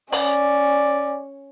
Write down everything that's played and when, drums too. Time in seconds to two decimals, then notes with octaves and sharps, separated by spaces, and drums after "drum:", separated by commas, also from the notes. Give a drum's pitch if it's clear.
0.13 C#4 D5, drum: open hi-hat